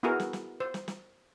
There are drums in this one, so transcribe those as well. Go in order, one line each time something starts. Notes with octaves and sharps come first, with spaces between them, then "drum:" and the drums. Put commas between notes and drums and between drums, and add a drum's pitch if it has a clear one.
B3 E4 F#4 G#4 A#4
drum: snare
drum: snare
C5
drum: snare
drum: snare